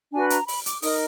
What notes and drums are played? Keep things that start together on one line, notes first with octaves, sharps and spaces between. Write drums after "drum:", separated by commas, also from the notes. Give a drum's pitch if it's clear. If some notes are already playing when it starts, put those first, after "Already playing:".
D4 F#4 B4 G#5
A#5, drum: hi-hat
B5, drum: open hi-hat
D6, drum: hi-hat
D#4 A#4 D#6, drum: open hi-hat